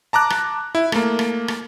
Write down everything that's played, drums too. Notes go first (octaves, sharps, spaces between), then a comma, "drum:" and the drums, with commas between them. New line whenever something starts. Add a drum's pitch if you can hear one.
A5 A#5 D6 F#6
drum: rim click
E4
A3 A#3, drum: rim click
drum: rim click
drum: rim click